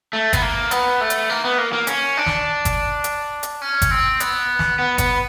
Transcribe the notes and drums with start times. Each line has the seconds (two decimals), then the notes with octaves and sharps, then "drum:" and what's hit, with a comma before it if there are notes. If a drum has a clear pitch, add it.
0.13 A3
0.33 B3, drum: kick G1, hi-hat
0.42 A#3
0.71 B3, drum: hi-hat
1.01 A3
1.10 drum: hi-hat
1.30 A#3
1.45 B3
1.58 A#3
1.73 A#3
1.87 C#4, drum: hi-hat
2.17 D4
2.26 drum: snare
2.65 drum: kick G1, hi-hat
3.04 drum: hi-hat
3.43 drum: hi-hat
3.62 C#4
3.82 drum: kick G1, hi-hat
3.91 C4
4.20 B3, drum: hi-hat
4.59 drum: snare
4.79 B3
4.98 B3, drum: kick G1, hi-hat